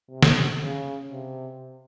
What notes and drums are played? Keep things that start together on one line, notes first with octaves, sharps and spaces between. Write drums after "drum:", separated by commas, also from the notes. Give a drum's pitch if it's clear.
C3
drum: snare
C#3
C3